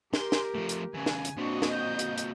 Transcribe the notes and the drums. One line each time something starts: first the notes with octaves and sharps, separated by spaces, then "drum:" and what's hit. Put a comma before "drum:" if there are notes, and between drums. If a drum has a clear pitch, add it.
G4 A#4 C6, drum: snare
drum: snare
F3 A3
drum: hi-hat
C#3 E3 G#5
drum: snare
drum: hi-hat
A#2 C4 D4 F#4 D#5 C#6
drum: snare
G6
drum: hi-hat
drum: hi-hat